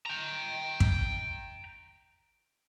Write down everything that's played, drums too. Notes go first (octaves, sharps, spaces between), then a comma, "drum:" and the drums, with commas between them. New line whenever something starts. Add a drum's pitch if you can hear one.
G5 A#5
drum: kick